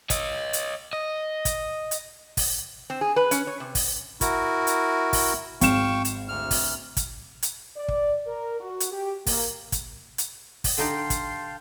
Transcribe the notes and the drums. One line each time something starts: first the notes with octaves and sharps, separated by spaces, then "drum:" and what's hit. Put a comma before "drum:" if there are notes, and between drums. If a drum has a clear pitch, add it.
C#5 D#5, drum: kick, hi-hat
drum: hi-hat
D#5
drum: kick, hi-hat
drum: hi-hat
drum: kick, open hi-hat
C4
G#4
B4
C#4, drum: hi-hat
C#5
C3
drum: kick, open hi-hat
E4 F#4 A#4, drum: kick, hi-hat
drum: hi-hat
drum: kick, open hi-hat
G#1 F5 G5 C#6 E7, drum: kick, hi-hat
drum: hi-hat
D2 F6
drum: kick, open hi-hat
drum: kick, hi-hat
drum: hi-hat
D5
drum: kick
A#4
F#4
drum: hi-hat
G4
A#3, drum: kick, open hi-hat
drum: kick, hi-hat
drum: hi-hat
drum: kick, open hi-hat
D3 D#4 G4 F5 G5 A5 C6
drum: kick, hi-hat